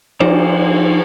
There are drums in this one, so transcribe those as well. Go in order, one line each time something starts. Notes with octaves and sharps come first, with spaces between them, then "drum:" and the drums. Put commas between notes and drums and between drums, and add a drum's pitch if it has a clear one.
F3 D#4 F4 F#4 C5 D5, drum: cymbal